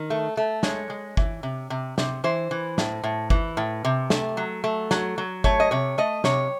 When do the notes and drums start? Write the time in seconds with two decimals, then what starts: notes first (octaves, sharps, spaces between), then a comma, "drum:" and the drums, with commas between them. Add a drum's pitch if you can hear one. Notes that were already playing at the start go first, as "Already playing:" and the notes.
Already playing: D#3
0.10 A3
0.37 A3
0.63 G#3 C#5, drum: snare
0.90 G#3
1.17 E3, drum: kick G1
1.43 C3
1.70 C3
1.98 C3, drum: snare
2.24 E3 C5
2.51 E3
2.78 A2, drum: snare
3.04 A2
3.30 E3, drum: kick G1
3.57 A2
3.85 C3
4.10 A3, drum: snare
4.37 F#3
4.64 A3
4.91 F#3, drum: snare
5.18 F#3
5.44 A3 C#5, drum: kick G1
5.60 D#5
5.71 C3 C#5
5.98 A3 D#5
6.24 C3 C#5, drum: snare